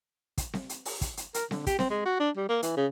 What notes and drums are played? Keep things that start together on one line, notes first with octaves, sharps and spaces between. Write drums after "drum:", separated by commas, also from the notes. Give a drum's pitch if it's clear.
drum: kick, hi-hat
drum: snare C4
drum: hi-hat
drum: open hi-hat
drum: kick, hi-hat
drum: hi-hat
A#4, drum: hi-hat
D3, drum: snare C4
G4, drum: kick, hi-hat
C4, drum: snare C4
G#3
F#4
D4
G3
A#3
E3, drum: hi-hat
C#3